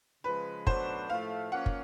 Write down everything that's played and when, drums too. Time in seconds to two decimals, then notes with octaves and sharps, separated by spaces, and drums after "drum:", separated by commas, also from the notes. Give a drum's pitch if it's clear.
0.24 C#3 F3 G#3 B4
0.67 B2 F#3 A3 D4 F#4 C5, drum: kick
1.09 A2 F3 A3 F5
1.52 F3 A#3 C#4 F#5
1.66 drum: kick